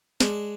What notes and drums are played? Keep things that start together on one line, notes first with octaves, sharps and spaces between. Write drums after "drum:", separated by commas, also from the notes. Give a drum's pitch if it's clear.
G#3 D4, drum: snare